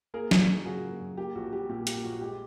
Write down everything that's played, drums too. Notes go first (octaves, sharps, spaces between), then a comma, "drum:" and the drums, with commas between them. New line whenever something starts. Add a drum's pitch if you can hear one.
A#3 G#4 A#4
F#2, drum: snare
F#3
C#3 F#4 G#4
A#3
F#2
A#3 G4
A#1 F#4
G3 G4
A#2 G4
A#3 G4, drum: hi-hat
A#1 F#4
G#3 G4